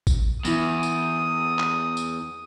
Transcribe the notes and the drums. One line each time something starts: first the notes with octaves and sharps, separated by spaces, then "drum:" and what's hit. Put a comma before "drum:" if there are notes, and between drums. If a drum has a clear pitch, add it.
drum: kick A1, tambourine
E2 B3 E4 D#6, drum: tambourine
drum: tambourine
drum: clap
drum: tambourine